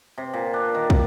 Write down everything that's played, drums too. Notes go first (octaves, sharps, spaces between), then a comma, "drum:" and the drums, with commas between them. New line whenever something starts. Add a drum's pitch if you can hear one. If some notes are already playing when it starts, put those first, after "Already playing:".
C3
A#2
D4
D#3
drum: kick